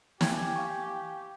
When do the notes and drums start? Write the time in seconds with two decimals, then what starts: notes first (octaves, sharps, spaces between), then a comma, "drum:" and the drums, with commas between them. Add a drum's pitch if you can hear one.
0.21 G4 G5 G#5 G#6, drum: snare
0.55 F5 G#5 C#6